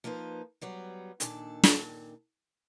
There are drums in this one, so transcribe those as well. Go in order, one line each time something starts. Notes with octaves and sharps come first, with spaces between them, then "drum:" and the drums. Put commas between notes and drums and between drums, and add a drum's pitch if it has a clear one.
F3 A#3 D#4 B4 C5
F#3 G3 B3
A#2 D#3 D4 A4, drum: hi-hat
drum: snare